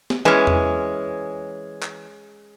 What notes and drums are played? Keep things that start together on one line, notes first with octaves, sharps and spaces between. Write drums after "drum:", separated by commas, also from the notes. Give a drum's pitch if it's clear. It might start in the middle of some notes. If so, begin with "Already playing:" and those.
drum: snare
E3 G#3 C#4
drum: tom E2
drum: clap